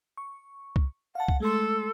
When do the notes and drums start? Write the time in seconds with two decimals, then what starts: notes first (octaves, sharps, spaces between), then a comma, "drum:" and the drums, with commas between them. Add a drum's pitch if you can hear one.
0.17 C#6
0.76 drum: kick C2
1.15 F5 F#5 A5
1.28 drum: kick C2
1.40 G#3 A3 A4 C6